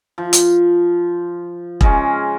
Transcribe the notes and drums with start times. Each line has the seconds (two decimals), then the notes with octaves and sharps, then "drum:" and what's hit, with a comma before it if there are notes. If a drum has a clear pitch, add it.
0.18 F3
0.33 drum: hi-hat
1.81 C#3 G#3 C#4, drum: kick E1